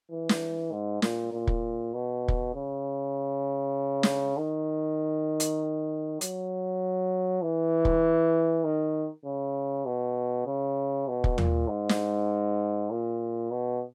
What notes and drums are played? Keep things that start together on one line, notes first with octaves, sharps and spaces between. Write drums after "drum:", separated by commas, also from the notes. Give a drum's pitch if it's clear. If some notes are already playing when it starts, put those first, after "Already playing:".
E3
drum: snare
G#2
A#2, drum: snare
A#2
drum: kick
B2
drum: kick
C#3
drum: snare
D#3
drum: hi-hat
F#3, drum: hi-hat
E3
drum: kick
D#3
C#3
B2
C#3
B2
drum: kick
A#2, drum: tom D#2
G#2
drum: snare
A#2
B2